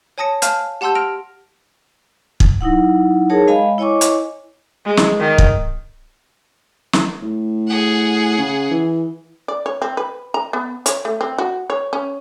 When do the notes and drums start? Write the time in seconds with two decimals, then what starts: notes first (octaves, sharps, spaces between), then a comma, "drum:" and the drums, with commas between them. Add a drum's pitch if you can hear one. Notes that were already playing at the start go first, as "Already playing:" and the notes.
0.18 C#5 G#5 A5 D#6 A#6 C#7
0.42 F5 G#5 A5 F6 G6, drum: hi-hat
0.81 G4 F#5 A5 C6 E6 G6
0.95 F6 A#6 D7 F7
2.40 drum: kick
2.61 F#3 D#4 E4 F#5
3.30 D#4 G#4 A#4 C#5 A5
3.47 G#3 D#5 F5 G#5 B5
3.78 E4 C#5 D#5 G#5 C#6 D6
4.01 drum: hi-hat
4.85 G#3
4.97 drum: snare
5.19 D#3
5.38 drum: kick
6.93 drum: snare
7.22 A2
7.67 G#4 F#5
8.38 C#3
8.71 E3
9.48 D5
9.66 C#5
9.82 C4
9.97 B4
10.34 A#5
10.53 B3
10.86 C#5, drum: hi-hat
11.05 A3
11.21 C4
11.38 F#4
11.70 C#5
11.93 C#4